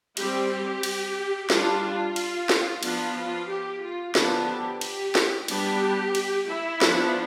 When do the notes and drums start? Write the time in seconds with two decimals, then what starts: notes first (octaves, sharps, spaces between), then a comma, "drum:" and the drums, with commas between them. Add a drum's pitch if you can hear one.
0.17 G3 C4 G4, drum: cymbal
0.51 G4
0.83 drum: cymbal
1.50 G3 D4 F4, drum: snare
1.84 F4
2.16 drum: cymbal
2.49 drum: snare
2.83 F3 B3 D4 F4, drum: cymbal
3.15 F4
3.49 G4
3.82 F4
4.15 D3 F3 B3 D4 F4, drum: snare
4.49 G4
4.81 G4, drum: cymbal
5.15 drum: snare
5.48 G3 B3 D4 G4, drum: cymbal
6.15 drum: cymbal
6.48 E4
6.81 F3 B3 D4, drum: snare